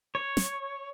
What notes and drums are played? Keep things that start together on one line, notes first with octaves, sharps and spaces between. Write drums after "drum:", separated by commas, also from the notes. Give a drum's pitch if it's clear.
C#5
drum: snare